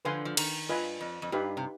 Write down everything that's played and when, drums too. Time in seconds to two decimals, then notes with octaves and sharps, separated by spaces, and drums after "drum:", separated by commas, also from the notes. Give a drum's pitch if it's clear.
0.05 D3 F3 B4 F5 G#5 C6
0.25 F3
0.37 D#3, drum: cymbal
0.69 G2 F4 B4 D#5 G#5 B5
1.01 F2
1.22 F2
1.32 G2 D#4 G4 B4 F5 B5
1.57 C3